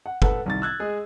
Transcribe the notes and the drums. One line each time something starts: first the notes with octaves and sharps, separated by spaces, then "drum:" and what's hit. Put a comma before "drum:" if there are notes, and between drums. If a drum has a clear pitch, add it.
F#5
A4 B4 F#5, drum: kick
C2 D#3 A6
E6 F#6 G#6 A6
G#3 G#4 D#5